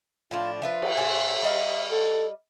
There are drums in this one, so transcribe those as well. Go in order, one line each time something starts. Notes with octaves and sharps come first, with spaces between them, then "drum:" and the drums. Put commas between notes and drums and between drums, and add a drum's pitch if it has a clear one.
A2 F3 D4 F4
F3 F4 B4 E5
drum: cymbal
A2 C5 G#5
G3 D#5 F5
A4